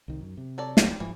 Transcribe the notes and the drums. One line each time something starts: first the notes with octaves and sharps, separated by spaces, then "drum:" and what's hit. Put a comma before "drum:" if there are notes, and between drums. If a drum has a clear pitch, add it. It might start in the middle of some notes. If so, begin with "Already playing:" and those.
C2 D#3
F#2
C3
F#3 A4 D5
C#2 G3 C4, drum: snare
G#2 E3 F3